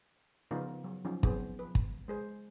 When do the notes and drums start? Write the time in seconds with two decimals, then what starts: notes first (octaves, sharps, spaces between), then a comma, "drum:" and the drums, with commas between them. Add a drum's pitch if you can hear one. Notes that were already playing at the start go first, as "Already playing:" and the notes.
0.51 C#3 F3 B3 D#4 F4 A#4
0.84 F#3
1.05 F3 F#3 C#4 D#4
1.23 F#3 B3 C4 D#4 G#4 C5, drum: kick
1.59 F3 B4
1.75 drum: kick
2.08 G#3 G#4 C5